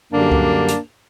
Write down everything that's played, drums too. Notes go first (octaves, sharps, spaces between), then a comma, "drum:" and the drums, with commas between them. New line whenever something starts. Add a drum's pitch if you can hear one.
F#2 D3 G3 A#3 D4
drum: kick C#2
drum: hi-hat